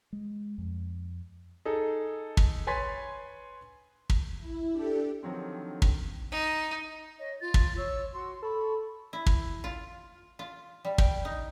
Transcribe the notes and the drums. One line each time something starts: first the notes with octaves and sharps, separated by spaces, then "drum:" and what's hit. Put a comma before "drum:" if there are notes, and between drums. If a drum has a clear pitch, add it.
G#3
F2
D#4 G#4 A4
drum: kick
B4 C#5 G#5 C6 A6 B6
drum: kick
E4
D4 G4 A4
D3 D#3 F3 F#3 C4
drum: kick
D#4
C#5 D#5
F4 A6
drum: kick
C#5 E6
F#4 C6
A4 B5 C#6
E4
drum: kick
F4
F4
G3
G5, drum: kick
D#4